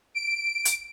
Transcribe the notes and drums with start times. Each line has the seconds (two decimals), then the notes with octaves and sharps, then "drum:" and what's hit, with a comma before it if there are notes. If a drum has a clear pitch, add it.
0.15 D7
0.65 drum: hi-hat